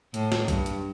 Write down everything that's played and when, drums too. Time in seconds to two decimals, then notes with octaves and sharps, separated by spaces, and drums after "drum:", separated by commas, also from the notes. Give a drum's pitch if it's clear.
0.14 A2, drum: hi-hat
0.32 drum: snare
0.48 G2, drum: kick B1, hi-hat
0.66 drum: hi-hat